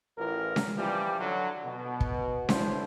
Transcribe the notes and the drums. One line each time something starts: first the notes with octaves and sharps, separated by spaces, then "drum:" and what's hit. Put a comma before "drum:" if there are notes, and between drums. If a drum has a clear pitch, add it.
A1 E3 F4 A#4
drum: snare C#4
E3 F3 G3
D3 F#3
B2
drum: kick
B1 D4 E4 C5, drum: snare C#4